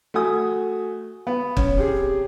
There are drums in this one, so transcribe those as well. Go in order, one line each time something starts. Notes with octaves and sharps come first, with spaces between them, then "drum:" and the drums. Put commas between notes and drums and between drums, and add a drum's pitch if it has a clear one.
A3 F#4 G#5 D#6
B3
C#4, drum: kick
C3 G#4